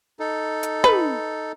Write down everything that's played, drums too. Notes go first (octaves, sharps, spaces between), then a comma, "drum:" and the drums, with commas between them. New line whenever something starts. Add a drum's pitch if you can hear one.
D#4 A4
drum: hi-hat
B4, drum: tom